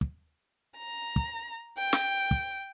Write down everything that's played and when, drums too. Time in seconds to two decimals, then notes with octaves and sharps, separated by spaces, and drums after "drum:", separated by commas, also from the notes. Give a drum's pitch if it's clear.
0.01 drum: kick
0.78 A#5
1.16 drum: kick
1.78 G5
1.93 drum: snare
2.31 drum: kick